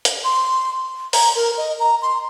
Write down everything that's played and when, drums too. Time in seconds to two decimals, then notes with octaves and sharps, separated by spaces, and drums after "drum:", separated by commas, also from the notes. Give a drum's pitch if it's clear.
0.05 drum: hi-hat
0.24 C6
1.13 A#5, drum: open hi-hat
1.36 A#4
1.57 D#5
1.80 A#5
2.02 C6